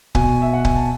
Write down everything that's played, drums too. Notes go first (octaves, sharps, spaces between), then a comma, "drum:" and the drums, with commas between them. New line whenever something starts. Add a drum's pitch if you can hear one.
B2 G#5, drum: kick C#1
E5
F#5
G#5, drum: kick C#1
A5